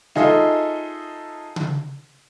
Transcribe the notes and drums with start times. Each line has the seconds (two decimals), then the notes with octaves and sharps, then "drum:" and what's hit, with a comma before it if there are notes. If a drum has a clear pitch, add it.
0.15 D#4 F4 G#4 A4 D#5 E5, drum: snare G#3
1.56 drum: tom C#3